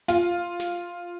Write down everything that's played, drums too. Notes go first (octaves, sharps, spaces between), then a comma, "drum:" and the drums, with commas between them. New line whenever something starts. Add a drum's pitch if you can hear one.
F4, drum: snare
drum: snare